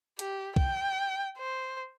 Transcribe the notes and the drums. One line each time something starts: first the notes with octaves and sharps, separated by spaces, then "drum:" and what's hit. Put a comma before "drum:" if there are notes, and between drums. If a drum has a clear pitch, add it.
G4, drum: hi-hat
G5, drum: kick
C5